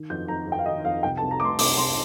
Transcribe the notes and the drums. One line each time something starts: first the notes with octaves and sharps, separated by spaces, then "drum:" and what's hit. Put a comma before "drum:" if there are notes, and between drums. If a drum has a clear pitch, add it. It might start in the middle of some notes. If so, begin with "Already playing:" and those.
Already playing: D#3
F2 G6
F2 A#5
F2
G5
F5
D#3 D#5
F2 F5
C2 G5
A5
C2
A#5
A3 C6 D6
C2 D6, drum: open hi-hat
C2 C6